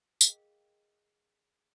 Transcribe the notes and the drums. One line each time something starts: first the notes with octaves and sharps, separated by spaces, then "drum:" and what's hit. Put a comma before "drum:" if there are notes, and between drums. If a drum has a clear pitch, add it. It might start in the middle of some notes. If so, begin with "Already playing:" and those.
G#4 A#4 D#5 F5 G5, drum: tambourine